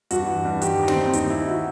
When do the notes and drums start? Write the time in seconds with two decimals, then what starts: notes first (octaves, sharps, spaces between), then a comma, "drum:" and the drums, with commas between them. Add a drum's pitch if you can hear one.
0.11 G2 F#4, drum: hi-hat
0.28 E3
0.45 G2
0.62 D#3 G4, drum: hi-hat
0.79 D#3 D#4
0.88 C4, drum: snare
0.96 D#2
1.06 C4
1.13 D#2 D#4, drum: hi-hat
1.30 D#2 E4
1.48 F#4